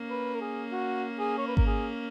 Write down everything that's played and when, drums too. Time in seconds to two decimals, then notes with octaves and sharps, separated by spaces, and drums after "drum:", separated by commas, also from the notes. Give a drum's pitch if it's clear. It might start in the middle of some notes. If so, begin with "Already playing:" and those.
Already playing: A#3 C#4
0.10 B4
0.35 A#4
0.41 G#4
0.72 F#4
1.19 G#4
1.38 C#5
1.47 B4
1.57 A#4, drum: kick G#1
1.66 G#4